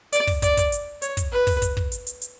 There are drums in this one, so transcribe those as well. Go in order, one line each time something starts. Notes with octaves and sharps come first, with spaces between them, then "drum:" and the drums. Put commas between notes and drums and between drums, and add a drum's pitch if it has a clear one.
D5, drum: hi-hat
drum: kick, open hi-hat
D5, drum: kick, hi-hat
drum: kick, hi-hat
drum: hi-hat
C#5, drum: hi-hat
drum: kick, hi-hat
B4
drum: kick, open hi-hat
drum: kick, hi-hat
drum: kick
drum: hi-hat
drum: hi-hat
drum: hi-hat